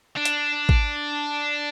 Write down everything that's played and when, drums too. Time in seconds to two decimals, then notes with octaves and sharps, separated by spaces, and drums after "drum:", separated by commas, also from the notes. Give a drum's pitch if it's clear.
0.16 D4
0.25 drum: hi-hat
0.69 drum: kick